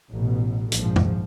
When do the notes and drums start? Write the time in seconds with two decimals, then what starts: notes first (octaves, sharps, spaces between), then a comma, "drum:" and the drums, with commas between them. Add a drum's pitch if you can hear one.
0.11 A1 B2
0.72 A#1 G#2 F3, drum: hi-hat
0.96 drum: tom F2